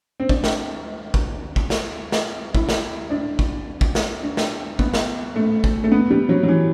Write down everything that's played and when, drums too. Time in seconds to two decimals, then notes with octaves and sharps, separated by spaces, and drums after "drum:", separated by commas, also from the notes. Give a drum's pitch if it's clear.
0.20 C4
0.29 D4, drum: kick
0.44 drum: snare
1.14 drum: kick
1.56 drum: kick
1.70 drum: snare
2.12 drum: snare
2.55 E4, drum: kick
2.69 drum: snare
3.10 D4
3.39 drum: kick
3.81 drum: kick
3.95 drum: snare
4.23 D4
4.37 drum: snare
4.79 B3, drum: kick
4.94 drum: snare
5.36 A3
5.64 drum: kick
5.84 A3
5.92 B3
6.10 G3
6.29 F#3
6.43 F#3
6.48 E3